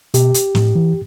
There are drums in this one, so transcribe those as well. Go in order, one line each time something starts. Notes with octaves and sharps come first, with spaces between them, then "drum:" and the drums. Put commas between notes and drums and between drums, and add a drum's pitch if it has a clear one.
B2 G4, drum: hi-hat
drum: hi-hat
A2, drum: snare
E3